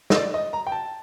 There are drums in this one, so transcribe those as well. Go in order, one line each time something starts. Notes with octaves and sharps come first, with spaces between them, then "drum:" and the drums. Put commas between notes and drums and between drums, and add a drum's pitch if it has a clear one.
D#5, drum: snare
D5
D#5
A#5
G5
A5